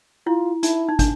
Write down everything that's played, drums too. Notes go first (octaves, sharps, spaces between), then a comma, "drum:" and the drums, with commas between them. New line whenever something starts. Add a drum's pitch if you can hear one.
E4 F4
D#4 E4, drum: hi-hat
D#4
D4, drum: kick, hi-hat